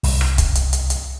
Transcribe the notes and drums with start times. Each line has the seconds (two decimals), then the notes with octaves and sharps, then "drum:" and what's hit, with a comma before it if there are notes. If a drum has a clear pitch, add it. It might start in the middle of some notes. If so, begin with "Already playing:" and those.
0.04 C2, drum: open hi-hat
0.21 drum: rim click
0.38 drum: kick, hi-hat
0.55 drum: hi-hat
0.73 drum: hi-hat
0.90 drum: hi-hat